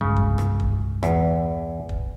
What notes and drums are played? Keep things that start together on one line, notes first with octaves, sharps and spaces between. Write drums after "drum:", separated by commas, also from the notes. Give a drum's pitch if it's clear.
C2 G2 C#3 G#3
drum: kick
drum: rim click
drum: kick
E2, drum: rim click
drum: kick